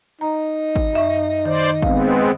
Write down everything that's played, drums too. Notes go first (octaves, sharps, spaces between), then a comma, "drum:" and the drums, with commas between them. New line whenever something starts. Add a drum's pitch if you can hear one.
D#4 A#5
drum: kick G#1
F#2 E5 C#6
D#3 C5 D5
G#3 B3 C4 F5, drum: kick G#1